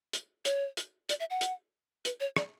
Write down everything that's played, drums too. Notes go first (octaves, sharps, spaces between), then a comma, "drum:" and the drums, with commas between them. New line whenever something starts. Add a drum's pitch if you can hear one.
drum: hi-hat
C#5, drum: hi-hat
drum: hi-hat
D5, drum: hi-hat
E5
F#5
drum: hi-hat
B4, drum: hi-hat
C#5
D5, drum: rim click